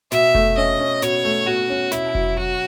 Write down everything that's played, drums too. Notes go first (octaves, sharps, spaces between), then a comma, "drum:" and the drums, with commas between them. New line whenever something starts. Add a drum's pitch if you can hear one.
B2 E5, drum: snare
A3, drum: kick F1
C#4 D#5
C#4
B2 C#5, drum: snare
A3
B2 F#4
C#4
B2 E4, drum: snare
F#3, drum: kick F1
F#3 F#4